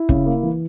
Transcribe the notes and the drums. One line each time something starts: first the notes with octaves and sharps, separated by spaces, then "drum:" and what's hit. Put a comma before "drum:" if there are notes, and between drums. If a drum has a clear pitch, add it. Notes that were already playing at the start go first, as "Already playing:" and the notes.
Already playing: E4
C#3, drum: kick
A#3
E3